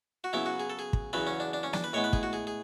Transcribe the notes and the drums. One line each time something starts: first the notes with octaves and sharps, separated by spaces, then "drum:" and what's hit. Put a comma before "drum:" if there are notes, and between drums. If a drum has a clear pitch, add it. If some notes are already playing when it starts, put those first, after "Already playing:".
F#4
C#3 F#3 B3 E4
F#4
G#4
A4
G#4
drum: kick
E2 C#3 F#3 B3 B4
C#4
D4
D4
C#4
D4, drum: snare
B4
A2 G#3 B3 C#5
B4
G#4, drum: kick
F#4
G#4
G#4